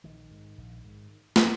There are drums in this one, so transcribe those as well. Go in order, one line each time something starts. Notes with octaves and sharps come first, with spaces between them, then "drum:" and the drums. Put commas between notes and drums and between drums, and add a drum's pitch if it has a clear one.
A#1 D#3
G#2
A#1
G#2
drum: snare